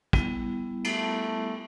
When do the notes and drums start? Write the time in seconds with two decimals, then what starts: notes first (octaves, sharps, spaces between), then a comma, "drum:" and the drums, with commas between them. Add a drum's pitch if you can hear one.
0.13 G3 B3 E4, drum: kick
0.84 A3, drum: cymbal